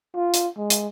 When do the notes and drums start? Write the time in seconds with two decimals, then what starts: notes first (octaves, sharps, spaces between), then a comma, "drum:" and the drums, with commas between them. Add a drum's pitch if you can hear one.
0.15 F4
0.34 drum: hi-hat
0.57 G#3
0.70 drum: hi-hat